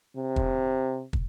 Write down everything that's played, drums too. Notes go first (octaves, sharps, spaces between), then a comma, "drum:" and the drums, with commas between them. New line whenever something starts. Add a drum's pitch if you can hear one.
C3
drum: kick
drum: kick